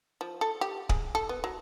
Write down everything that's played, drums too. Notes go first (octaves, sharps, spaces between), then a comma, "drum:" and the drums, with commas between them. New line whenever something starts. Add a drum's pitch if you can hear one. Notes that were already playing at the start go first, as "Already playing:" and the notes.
F3
A4
G4
G#4, drum: kick D1
A4
B3
F#3